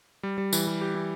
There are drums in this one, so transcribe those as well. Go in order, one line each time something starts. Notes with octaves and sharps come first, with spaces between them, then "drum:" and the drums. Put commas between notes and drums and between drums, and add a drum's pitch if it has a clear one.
G3
G3
E3, drum: tambourine
G3
G4
E3